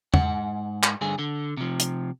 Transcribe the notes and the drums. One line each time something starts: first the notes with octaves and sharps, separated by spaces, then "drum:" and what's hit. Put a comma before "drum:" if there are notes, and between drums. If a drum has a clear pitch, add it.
G#2 F#5, drum: tom E2
drum: clap
G2 D3 G#4
D3
C3 F3
drum: hi-hat